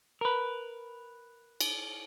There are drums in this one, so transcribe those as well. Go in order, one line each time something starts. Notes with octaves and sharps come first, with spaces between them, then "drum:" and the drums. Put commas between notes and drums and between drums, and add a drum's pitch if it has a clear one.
A#4 B4
drum: cymbal